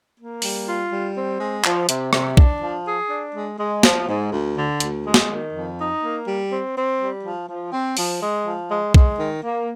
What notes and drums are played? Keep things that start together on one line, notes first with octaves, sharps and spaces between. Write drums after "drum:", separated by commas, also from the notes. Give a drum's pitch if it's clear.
A#3
G3, drum: open hi-hat
F4
G3
C4
G#3
F3, drum: clap
C3, drum: hi-hat
C3, drum: rim click
D4, drum: kick B1
F3
G#4
D4
G#3
G#3
F3, drum: snare
G#2
D2
D3
D2, drum: hi-hat
G#3
drum: snare
D#3
F2
D#4
A#3
G3
C4
C4
G3
F3
F3
C4
F3, drum: open hi-hat
G#3
F3
G#3
G#3, drum: kick B1
D#3
A#3